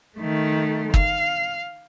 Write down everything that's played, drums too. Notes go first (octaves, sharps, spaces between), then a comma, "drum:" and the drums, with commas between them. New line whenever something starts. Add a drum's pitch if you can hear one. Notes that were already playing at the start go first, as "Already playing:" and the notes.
D#3 A3
F5, drum: kick